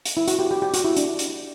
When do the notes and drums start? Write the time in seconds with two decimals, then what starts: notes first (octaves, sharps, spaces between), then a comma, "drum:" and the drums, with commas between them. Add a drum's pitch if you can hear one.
0.05 drum: hi-hat
0.17 E4
0.28 F#4, drum: hi-hat
0.39 G4
0.51 G4
0.62 G4
0.74 F#4, drum: hi-hat
0.84 E4
0.97 D4, drum: hi-hat
1.19 drum: hi-hat